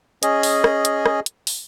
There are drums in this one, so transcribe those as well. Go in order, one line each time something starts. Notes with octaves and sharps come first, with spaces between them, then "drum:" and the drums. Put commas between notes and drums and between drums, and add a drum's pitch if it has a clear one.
C#4 G#4 D#5, drum: hi-hat
drum: open hi-hat
drum: rim click
drum: hi-hat
drum: rim click
drum: hi-hat
drum: open hi-hat